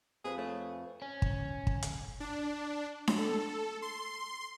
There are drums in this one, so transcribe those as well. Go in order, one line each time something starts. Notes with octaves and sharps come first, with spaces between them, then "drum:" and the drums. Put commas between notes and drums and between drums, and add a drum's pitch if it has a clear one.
F2 G#4 B4 F#6
A3 C#5
C#4
drum: kick
drum: kick
drum: hi-hat
D4
drum: snare D4
A4
C6